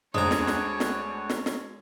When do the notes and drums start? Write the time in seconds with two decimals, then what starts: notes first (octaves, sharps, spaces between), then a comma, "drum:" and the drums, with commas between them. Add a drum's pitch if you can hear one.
0.14 D2 G#3 D4 C5 C#5 A#5 D#6, drum: tom F2
0.31 drum: snare
0.47 drum: snare
0.80 drum: snare
1.30 drum: snare
1.46 drum: snare